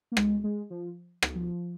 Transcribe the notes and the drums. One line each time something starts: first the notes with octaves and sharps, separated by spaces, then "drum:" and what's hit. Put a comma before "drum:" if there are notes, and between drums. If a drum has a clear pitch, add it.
A#3
G#3, drum: rim click
G#3
F3
drum: rim click
F3